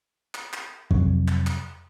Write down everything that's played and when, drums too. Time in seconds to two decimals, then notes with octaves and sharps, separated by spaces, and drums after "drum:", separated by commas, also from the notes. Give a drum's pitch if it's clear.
0.35 drum: clap
0.53 drum: clap
0.91 F2 C3 F#3, drum: kick G#1
1.28 drum: clap
1.47 drum: clap